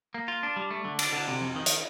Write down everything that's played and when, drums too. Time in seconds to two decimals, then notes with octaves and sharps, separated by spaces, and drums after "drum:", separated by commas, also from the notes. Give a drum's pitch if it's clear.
0.14 A#3
0.28 F4
0.43 D4
0.56 G3
0.71 A3
0.85 D3
0.99 D4, drum: cymbal
1.13 D3
1.27 C3
1.41 F2
1.56 D#3
1.66 drum: hi-hat